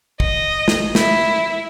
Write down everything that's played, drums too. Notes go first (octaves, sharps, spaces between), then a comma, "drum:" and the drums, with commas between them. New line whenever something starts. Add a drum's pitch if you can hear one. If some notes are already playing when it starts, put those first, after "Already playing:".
D#5, drum: kick
drum: snare
E4, drum: snare